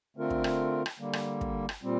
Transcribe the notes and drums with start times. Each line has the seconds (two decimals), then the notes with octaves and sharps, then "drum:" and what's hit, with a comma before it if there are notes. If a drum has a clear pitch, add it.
0.17 D3 A3 C4 F4 A#4
0.30 drum: kick
0.44 drum: rim click
0.86 drum: rim click
0.99 D3 G3 A#3
1.13 drum: rim click
1.41 drum: kick
1.69 drum: rim click
1.83 A#2 G3 C4